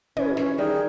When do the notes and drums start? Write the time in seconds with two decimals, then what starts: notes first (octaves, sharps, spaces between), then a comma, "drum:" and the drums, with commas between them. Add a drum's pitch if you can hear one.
0.17 E3 C#4, drum: tom
0.37 E3 C#4, drum: snare
0.58 D#3 G3 G#4